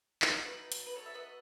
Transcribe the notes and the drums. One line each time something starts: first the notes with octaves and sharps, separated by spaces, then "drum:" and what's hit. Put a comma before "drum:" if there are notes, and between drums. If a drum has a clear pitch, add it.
A3 D#4 F#4 B4, drum: clap
C#5
B4
drum: hi-hat
B4
A4 C#5
E5
B4 D#5